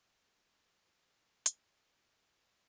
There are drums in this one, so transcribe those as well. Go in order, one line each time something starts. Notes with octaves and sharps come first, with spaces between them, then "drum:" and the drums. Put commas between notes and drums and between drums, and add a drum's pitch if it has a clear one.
D#5
B3
F#3
G#4
E2
C#2
F#3, drum: hi-hat
B2
E3
F#5
G3